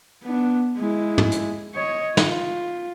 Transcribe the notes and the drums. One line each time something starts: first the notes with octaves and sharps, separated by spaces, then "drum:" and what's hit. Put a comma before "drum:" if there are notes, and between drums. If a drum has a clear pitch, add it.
B3 D4
G#3 E4
drum: tom
drum: hi-hat
C#5 D#5
F4, drum: snare